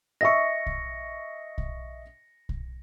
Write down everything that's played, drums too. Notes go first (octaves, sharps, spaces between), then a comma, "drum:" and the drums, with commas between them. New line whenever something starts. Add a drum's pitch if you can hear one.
D#5 E5 C#6 A#6 C#7
drum: kick B1
drum: kick B1
drum: kick B1